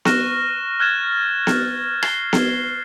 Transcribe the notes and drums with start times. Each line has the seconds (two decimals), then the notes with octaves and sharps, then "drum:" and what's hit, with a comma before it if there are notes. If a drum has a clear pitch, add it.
0.05 C#6 F6 F#6 A#6 E7, drum: snare B3
0.80 F6 F#6 G#6 A6 E7
1.47 drum: snare B3
2.03 C7 G7, drum: rim click
2.33 drum: snare B3